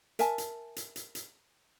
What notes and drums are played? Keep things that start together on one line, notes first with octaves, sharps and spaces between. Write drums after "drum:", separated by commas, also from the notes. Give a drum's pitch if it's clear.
A#4 E5 G#5 A5, drum: hi-hat
drum: hi-hat
drum: hi-hat
drum: hi-hat
drum: hi-hat